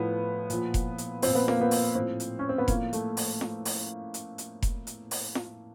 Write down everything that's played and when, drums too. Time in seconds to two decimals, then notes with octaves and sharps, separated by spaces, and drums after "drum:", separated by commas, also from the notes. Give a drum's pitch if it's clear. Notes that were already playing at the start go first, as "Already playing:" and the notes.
Already playing: A2 F3 B3
0.50 A#2 F3, drum: hi-hat
0.74 drum: kick F1, hi-hat
0.98 drum: hi-hat
1.22 A#2 F3 C4, drum: open hi-hat
1.35 B3
1.48 A#3, drum: snare
1.61 B3
1.71 drum: open hi-hat
1.95 A2 F3 C4
2.20 drum: hi-hat
2.39 C#4
2.49 C4
2.58 B3
2.68 A2 F3 A#3, drum: kick F1, hi-hat
2.93 A3, drum: hi-hat
3.17 drum: open hi-hat
3.41 drum: snare
3.65 drum: open hi-hat
4.14 drum: hi-hat
4.38 drum: hi-hat
4.62 drum: kick F1, hi-hat
4.87 drum: hi-hat
5.11 drum: open hi-hat
5.35 drum: snare